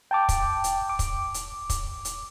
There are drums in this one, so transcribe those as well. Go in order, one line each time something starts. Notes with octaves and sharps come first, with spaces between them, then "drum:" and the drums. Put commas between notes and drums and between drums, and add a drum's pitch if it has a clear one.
G5 A5 D6
drum: kick, hi-hat
drum: hi-hat
D6
drum: kick, hi-hat
drum: hi-hat
drum: kick, hi-hat
drum: hi-hat